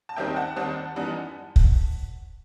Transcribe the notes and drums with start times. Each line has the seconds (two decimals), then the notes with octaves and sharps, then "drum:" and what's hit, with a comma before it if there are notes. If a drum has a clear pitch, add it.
0.09 A5
0.16 D#2 D#3 G3 C4 D#4 E5 G5
0.36 F#5 A5
0.56 D#2 D#3 G3 C4 D#4 F#5 A5
0.96 F#2 E3 G3 B3 D#4
1.56 drum: kick